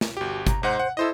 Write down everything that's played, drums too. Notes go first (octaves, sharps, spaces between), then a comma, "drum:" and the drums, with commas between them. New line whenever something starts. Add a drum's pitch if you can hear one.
drum: snare
G1 F#4 G4
A#5, drum: kick, hi-hat
G#2 D#4 C5 F#5
F#5
E4 A4 C5 D#5